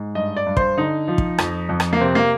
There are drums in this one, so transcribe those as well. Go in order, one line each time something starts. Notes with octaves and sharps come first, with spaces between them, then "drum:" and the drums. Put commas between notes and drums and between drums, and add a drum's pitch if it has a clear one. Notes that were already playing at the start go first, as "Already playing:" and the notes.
Already playing: G#2
G2 D#5
D5
G2
C5, drum: kick
D3 D#4
F3
drum: kick
F2, drum: rim click
F2
drum: rim click
A#3
C3 C4
A#3